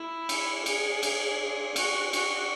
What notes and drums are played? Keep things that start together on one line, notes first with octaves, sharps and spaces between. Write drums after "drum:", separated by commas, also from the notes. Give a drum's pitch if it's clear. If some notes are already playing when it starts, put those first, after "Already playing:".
Already playing: E4
drum: cymbal
G#4, drum: cymbal
drum: cymbal
F#4, drum: cymbal
F#4, drum: cymbal